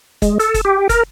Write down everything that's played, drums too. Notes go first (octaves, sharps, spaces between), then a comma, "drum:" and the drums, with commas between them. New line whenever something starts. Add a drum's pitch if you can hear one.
G#3, drum: kick, hi-hat
A4, drum: hi-hat
drum: kick, hi-hat
G4
A#4, drum: kick, hi-hat